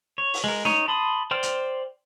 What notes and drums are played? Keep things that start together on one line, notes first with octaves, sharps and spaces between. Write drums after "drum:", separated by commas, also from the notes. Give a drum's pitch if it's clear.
C#5
drum: open hi-hat
G#3 A#4
D#4 C#5, drum: snare
A5 B5 C6 D#6
C5 D5 G5 C6 F6
drum: hi-hat